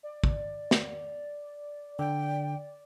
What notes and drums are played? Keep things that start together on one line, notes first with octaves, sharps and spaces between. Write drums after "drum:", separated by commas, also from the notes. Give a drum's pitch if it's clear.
D5
drum: kick
drum: snare
D3 G5